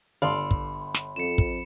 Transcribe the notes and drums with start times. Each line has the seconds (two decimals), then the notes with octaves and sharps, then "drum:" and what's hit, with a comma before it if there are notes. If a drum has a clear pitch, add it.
0.22 G1 A4 D5 F5 B5 C6
0.51 drum: kick
0.94 drum: snare
1.16 F2 C#7 E7
1.38 drum: kick